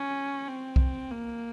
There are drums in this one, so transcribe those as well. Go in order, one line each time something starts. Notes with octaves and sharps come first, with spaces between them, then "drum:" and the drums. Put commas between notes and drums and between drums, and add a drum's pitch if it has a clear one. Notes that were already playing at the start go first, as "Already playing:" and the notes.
Already playing: C#4
C4
drum: kick B1
A#3